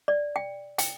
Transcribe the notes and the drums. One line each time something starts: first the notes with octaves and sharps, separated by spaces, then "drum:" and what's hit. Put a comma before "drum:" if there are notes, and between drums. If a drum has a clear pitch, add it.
D5
G5
G5, drum: hi-hat